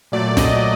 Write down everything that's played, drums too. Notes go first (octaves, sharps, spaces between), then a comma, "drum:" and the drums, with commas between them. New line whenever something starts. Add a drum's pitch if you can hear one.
A#2 F#3 A3 D5
D#5, drum: snare